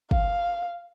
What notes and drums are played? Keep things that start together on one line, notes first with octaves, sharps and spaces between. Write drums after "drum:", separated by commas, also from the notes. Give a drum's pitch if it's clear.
F5, drum: kick